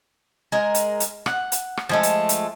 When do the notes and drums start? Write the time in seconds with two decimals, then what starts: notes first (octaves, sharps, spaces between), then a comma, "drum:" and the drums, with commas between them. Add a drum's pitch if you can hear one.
0.52 G#3 A#4
0.74 drum: hi-hat
1.00 drum: hi-hat
1.26 F#5, drum: rim click
1.52 drum: hi-hat
1.77 drum: rim click
1.89 F3 G#3 A3
2.03 drum: hi-hat
2.29 drum: hi-hat